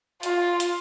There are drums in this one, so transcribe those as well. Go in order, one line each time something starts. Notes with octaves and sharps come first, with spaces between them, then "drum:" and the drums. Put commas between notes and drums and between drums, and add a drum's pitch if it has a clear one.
F4, drum: hi-hat
drum: hi-hat